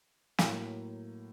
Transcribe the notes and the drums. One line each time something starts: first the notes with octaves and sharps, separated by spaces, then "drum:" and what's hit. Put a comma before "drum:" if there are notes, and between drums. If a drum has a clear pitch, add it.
A2 F#3 A#3, drum: snare